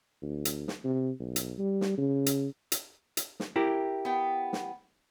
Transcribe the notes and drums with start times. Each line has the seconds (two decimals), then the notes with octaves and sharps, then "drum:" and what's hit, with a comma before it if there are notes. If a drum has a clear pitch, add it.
0.23 D2
0.45 drum: hi-hat
0.68 drum: snare
0.84 C3
1.20 B1
1.36 drum: hi-hat
1.59 G3
1.81 drum: snare
1.97 C#3
2.26 drum: hi-hat
2.72 drum: hi-hat
3.17 drum: hi-hat
3.40 drum: snare
3.56 E4 G4 A#4
4.05 B3 G5
4.53 drum: snare